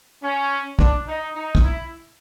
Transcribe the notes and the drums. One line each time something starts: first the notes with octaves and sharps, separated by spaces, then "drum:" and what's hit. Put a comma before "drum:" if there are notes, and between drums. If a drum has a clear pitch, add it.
C#4
D4, drum: kick
D#4
D#4
drum: kick
E4